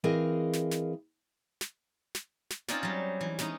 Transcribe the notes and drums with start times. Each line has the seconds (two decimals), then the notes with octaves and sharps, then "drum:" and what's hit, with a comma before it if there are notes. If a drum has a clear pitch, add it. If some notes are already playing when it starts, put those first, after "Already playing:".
0.04 E3 C4 G#4 A#4 D#5 F5
0.54 drum: snare
0.71 drum: snare
1.61 drum: snare
2.15 drum: snare
2.51 drum: snare
2.69 C4 C#4 D#4 F4 C#5 D5, drum: snare
2.83 F#3 G3
3.21 E3
3.39 G#3 B3 C#4 D#4, drum: snare